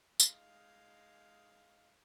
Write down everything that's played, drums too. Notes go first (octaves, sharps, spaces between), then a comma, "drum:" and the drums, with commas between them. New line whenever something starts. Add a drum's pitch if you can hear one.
G#3 D#4 F5, drum: tambourine